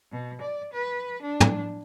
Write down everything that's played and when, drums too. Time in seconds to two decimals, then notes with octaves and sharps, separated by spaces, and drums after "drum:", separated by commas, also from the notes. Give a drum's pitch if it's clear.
0.12 B2
0.41 D5
0.74 B4
1.23 D4
1.40 drum: tom